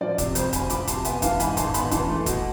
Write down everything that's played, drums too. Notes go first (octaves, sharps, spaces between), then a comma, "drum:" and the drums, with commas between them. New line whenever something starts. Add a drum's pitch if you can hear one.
F3 D5
C3, drum: kick, hi-hat
F2 C5, drum: hi-hat
F1 G#5 B5, drum: kick, hi-hat
F3 B5 D6, drum: hi-hat
C3 A5 C6, drum: kick, hi-hat
B3 E5 G#5, drum: hi-hat
E3 F5 A5, drum: kick, hi-hat
G#2 G#5 B5, drum: hi-hat
G#1 A5 C6, drum: kick, hi-hat
B3 G#5 B5, drum: hi-hat
E3 A5 C6, drum: kick, hi-hat
A3
B2, drum: kick, hi-hat